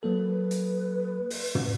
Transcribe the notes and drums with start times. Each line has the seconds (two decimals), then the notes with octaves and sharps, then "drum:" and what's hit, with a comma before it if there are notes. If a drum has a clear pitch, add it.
0.03 F#3 A#3 A4 B4
0.51 drum: hi-hat
1.30 drum: open hi-hat
1.55 drum: tom